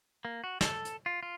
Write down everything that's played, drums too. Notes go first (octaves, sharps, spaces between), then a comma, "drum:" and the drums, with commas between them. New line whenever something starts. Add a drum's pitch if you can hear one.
A#3
F#4
A4, drum: snare
drum: hi-hat
F4
F4